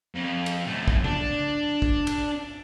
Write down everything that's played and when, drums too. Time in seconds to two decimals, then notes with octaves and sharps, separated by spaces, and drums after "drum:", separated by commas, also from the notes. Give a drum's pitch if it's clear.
0.15 F2
0.46 drum: cymbal
0.67 F#2 A3
0.88 drum: kick
1.04 D4, drum: tom C#3
1.82 drum: kick
2.07 drum: cymbal